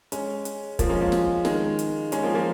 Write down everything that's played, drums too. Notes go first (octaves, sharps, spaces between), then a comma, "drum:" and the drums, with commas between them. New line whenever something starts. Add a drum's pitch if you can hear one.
G#3 C#4, drum: hi-hat
drum: hi-hat
F3 A#3, drum: kick, hi-hat
G#3 C#4
F3 A#3
drum: snare
D#3 G#3, drum: snare
drum: hi-hat
G#3 C#4, drum: hi-hat
F3 A#3
F3 A#3